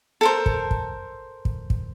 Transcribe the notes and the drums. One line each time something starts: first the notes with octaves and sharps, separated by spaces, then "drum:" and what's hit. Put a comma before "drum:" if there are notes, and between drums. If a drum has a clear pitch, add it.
A4 A#4 C5
drum: kick
drum: kick
drum: kick
drum: kick